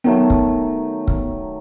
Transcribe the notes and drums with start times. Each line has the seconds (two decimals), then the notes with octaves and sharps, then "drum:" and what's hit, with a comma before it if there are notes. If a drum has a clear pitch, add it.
0.04 D#3 F#3 A3 B3
0.30 drum: kick
1.08 drum: kick